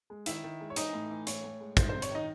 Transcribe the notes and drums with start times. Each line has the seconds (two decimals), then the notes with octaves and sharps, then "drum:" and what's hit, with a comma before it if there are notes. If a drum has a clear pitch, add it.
0.10 G#3
0.26 D#3 E4 E5, drum: hi-hat
0.44 D#3
0.61 G#3
0.70 C#5
0.76 E3 D#4 D#5, drum: hi-hat
0.93 A2
1.10 E3
1.27 A2 C#5, drum: hi-hat
1.44 A2
1.61 G#3
1.77 D#3 C5, drum: kick, hi-hat
1.89 C3 C5
2.02 C#5, drum: hi-hat
2.11 D#3 D#4 D#5